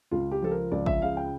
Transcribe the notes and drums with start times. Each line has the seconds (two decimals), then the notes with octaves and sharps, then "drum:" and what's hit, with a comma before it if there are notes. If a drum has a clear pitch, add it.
0.11 C#2 F4
0.31 G4
0.42 F3 A4
0.51 A#4
0.72 C#2 D5
0.86 E5, drum: kick A1
1.02 C#3 F5
1.17 G5